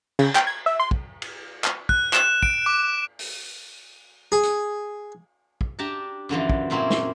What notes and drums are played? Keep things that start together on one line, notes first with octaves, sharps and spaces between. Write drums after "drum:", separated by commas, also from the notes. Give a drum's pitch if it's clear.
C#3, drum: cymbal
G5, drum: clap
G#6
E5
C6
drum: kick
drum: cymbal
drum: clap
F#6, drum: kick
E7, drum: clap
D7, drum: kick
D6
drum: open hi-hat
G#4
drum: hi-hat
drum: kick
D4 G4 A5 A#5
F#2 D3 E3 F3
drum: kick
F#2 A#2 A#3 C4 C#4 E4
drum: snare